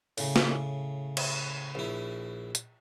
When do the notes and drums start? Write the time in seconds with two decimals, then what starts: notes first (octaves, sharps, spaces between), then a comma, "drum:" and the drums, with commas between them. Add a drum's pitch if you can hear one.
0.18 A2 C#3, drum: open hi-hat
0.36 drum: snare
1.17 drum: cymbal
1.75 A#1 E4
2.55 drum: hi-hat